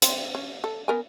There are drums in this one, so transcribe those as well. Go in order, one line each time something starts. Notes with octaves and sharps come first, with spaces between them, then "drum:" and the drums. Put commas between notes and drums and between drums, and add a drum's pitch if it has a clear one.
C4, drum: hi-hat
C#4
A4
B3 A#4 G#5